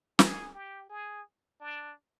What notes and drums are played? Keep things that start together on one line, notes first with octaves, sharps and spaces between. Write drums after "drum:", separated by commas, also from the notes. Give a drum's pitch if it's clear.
G#4, drum: snare
G4
G#4
D4